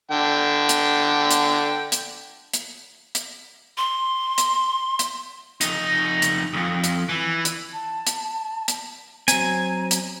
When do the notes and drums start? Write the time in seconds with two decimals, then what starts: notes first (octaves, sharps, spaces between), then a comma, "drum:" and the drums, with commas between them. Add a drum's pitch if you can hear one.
0.11 D3 G5
0.69 drum: hi-hat
1.31 drum: hi-hat
1.92 drum: hi-hat
2.53 drum: hi-hat
3.15 drum: hi-hat
3.78 C6
4.38 drum: hi-hat
4.99 drum: hi-hat
5.61 F2 D#4, drum: hi-hat
6.22 drum: hi-hat
6.53 C2 F2
6.84 drum: hi-hat
7.09 E3
7.45 drum: hi-hat
7.73 A5
8.07 drum: hi-hat
8.68 drum: hi-hat
9.28 F#3 C4 G#5 A#5, drum: hi-hat
9.91 drum: hi-hat